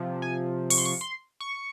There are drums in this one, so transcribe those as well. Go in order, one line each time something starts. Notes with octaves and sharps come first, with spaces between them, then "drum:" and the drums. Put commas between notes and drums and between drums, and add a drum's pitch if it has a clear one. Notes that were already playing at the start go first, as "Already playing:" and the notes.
Already playing: C3 F3
G#5
C#6, drum: open hi-hat
C6
C#6
C6
C#6